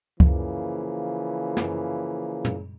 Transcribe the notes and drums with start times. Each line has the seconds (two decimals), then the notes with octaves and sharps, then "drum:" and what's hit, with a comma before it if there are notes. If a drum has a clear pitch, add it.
0.20 C#3 E3 F3 A#3, drum: kick C#2
1.57 drum: snare
2.45 drum: tom